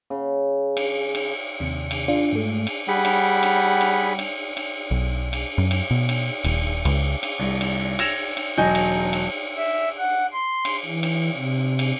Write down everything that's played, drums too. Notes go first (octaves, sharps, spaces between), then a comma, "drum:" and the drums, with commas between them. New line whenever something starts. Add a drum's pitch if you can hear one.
C#3
drum: cymbal
drum: cymbal
D#2 C3 C#7
drum: cymbal
D4 F4
G#2 A3
drum: cymbal
G3 G#4 F#5 B5
drum: cymbal
drum: cymbal
drum: cymbal
drum: cymbal
drum: cymbal
B1
drum: cymbal
F#2
drum: cymbal
B2
drum: cymbal
D#1, drum: cymbal
C#2, drum: cymbal
drum: cymbal
C2
drum: cymbal
E6 G#6 A#6 E7 F7, drum: cymbal
drum: cymbal
E1 F#3 D#5 G#5 G6
drum: cymbal
drum: cymbal
E5
F#5
C6
drum: cymbal
E3
drum: cymbal
C3
drum: cymbal